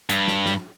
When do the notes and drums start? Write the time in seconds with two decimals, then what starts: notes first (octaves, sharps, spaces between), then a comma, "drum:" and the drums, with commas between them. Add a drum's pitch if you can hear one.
0.10 G2, drum: hi-hat
0.28 drum: snare
0.46 drum: snare